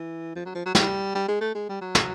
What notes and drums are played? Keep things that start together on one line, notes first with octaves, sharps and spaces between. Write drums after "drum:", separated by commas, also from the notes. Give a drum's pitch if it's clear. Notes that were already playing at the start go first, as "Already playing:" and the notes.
Already playing: E3
F3
F#3
F3
F#3
G3, drum: snare
G3
G#3
A3
G#3
G3
F#3
drum: snare